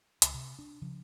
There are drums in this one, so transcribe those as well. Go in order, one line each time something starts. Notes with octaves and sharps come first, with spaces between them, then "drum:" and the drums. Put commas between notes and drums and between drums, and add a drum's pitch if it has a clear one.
C#2, drum: hi-hat
C3
D4
C#3 F3